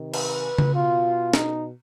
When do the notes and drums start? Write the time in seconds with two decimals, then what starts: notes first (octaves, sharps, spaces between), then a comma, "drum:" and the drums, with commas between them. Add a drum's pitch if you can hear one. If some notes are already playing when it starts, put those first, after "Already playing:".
Already playing: C3 D#3
0.14 B4, drum: cymbal
0.58 drum: tom C#3
0.74 B2 F4
1.34 D#4, drum: snare